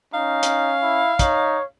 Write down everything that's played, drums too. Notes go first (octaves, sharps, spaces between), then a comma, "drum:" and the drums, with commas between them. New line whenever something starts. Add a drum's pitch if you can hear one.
C#4 D#4 F5
drum: hi-hat
E4
D#4 C#5, drum: kick, hi-hat